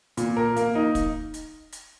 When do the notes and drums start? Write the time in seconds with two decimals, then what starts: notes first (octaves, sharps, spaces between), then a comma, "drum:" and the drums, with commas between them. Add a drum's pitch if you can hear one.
0.17 A#2, drum: hi-hat
0.37 A#4
0.56 A#3, drum: hi-hat
0.75 D#4
0.95 drum: kick, hi-hat
1.34 drum: hi-hat
1.72 drum: hi-hat